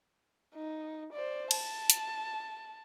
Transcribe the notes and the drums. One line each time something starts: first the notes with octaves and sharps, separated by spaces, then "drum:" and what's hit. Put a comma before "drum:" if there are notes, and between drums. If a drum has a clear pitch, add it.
D#4
C5 D5
A5, drum: cymbal
drum: hi-hat